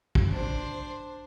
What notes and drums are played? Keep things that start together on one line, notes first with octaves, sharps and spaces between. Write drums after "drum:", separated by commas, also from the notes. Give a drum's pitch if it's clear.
drum: kick
D4 C5